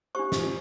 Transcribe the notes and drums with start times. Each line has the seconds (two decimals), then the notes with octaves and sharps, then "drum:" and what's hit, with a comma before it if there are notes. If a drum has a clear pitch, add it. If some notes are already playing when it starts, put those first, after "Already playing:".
0.15 D4 G4 C5 C#6
0.32 drum: snare